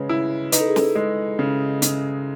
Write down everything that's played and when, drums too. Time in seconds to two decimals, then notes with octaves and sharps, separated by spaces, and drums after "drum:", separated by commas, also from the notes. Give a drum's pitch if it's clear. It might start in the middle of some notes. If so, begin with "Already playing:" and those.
Already playing: C#3 G#3 B4 C#5
0.09 E4
0.52 D#4 B4, drum: hi-hat
0.60 A4
0.68 G#4
0.76 A4, drum: snare
0.96 G#3
1.39 C#3
1.82 C#3, drum: hi-hat